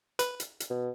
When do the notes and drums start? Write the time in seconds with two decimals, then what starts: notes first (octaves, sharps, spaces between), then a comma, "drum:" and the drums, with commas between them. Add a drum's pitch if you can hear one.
0.19 B4, drum: hi-hat
0.40 drum: hi-hat
0.60 drum: hi-hat
0.70 B2